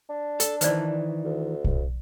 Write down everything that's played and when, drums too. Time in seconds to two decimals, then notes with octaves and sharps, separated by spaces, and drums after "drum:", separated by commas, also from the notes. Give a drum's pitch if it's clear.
0.09 D4
0.40 A4, drum: hi-hat
0.61 D#3 E3 B4 C5 D5, drum: hi-hat
1.24 D2
1.64 drum: kick